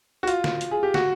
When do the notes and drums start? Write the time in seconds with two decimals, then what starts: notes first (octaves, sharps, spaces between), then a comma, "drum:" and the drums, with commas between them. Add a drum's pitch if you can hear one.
0.23 F#4
0.28 F4, drum: hi-hat
0.44 drum: snare
0.61 drum: hi-hat
0.71 G#4
0.83 G4
0.94 F#4, drum: snare